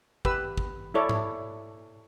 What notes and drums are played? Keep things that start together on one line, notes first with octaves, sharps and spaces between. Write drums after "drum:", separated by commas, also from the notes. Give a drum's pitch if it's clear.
G4 B4 E6, drum: kick
drum: kick
E4 A4 C#5 D5
drum: tom G#2